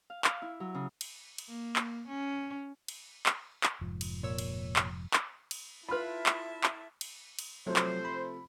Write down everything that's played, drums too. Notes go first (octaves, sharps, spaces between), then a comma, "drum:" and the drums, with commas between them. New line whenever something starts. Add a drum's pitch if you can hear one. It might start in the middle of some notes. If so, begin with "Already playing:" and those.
F5
F5, drum: clap
E4
F#3
C#3
drum: cymbal
drum: cymbal
A#3
drum: clap
C#4
drum: cymbal
drum: clap
drum: clap
F1 G#2 F3
drum: cymbal
A#2 C#5 E6
drum: cymbal
drum: clap
drum: clap
drum: cymbal
E4 F4 A4 B4 E5 B5 C6 F6
drum: clap
drum: clap
drum: cymbal
drum: cymbal
C3 F3 F#3 A3 C5
drum: clap
B5